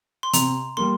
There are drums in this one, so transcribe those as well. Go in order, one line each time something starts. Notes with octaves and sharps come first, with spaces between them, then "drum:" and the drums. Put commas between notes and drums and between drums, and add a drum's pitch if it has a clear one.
C6
C3 A#5, drum: hi-hat
G3 A#3 C6